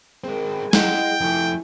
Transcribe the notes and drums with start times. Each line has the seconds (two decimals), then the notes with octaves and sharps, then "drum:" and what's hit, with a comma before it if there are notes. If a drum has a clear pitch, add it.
0.24 G#3 C4 G#4 A#4
0.73 G#3 E4 D#5 F#5 G5, drum: snare
1.21 F2 A3 E4 G#5